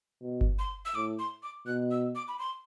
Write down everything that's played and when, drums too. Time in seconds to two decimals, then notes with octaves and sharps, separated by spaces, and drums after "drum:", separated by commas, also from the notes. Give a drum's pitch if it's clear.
0.22 B2
0.41 drum: kick G1
0.59 C6
0.85 E6
0.95 A2 D6
1.19 C6
1.43 D6
1.67 B2 F#6
1.91 E6
2.15 D6
2.28 B5
2.39 C6